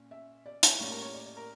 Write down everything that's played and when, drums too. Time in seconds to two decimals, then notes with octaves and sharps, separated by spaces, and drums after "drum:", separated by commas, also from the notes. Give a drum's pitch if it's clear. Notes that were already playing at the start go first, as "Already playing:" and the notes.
Already playing: A#2 C#4
0.11 E5
0.46 D5
0.63 C#5, drum: hi-hat
0.79 A2 G3 A#3 C#4 C#5
0.91 A#4
1.02 C#5
1.14 D5
1.26 D5
1.37 A#4